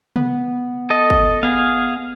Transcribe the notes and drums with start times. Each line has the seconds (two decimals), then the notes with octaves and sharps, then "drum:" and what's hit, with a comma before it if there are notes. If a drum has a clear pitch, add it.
0.16 B3, drum: tom C3
0.90 A4 D#5
1.10 drum: kick
1.43 B3 G#4 F5